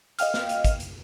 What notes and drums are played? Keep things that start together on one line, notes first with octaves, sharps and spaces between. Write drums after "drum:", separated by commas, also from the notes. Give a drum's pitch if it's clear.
D#5 F5 G5 F6, drum: hi-hat
drum: snare
drum: hi-hat
drum: kick, hi-hat
drum: hi-hat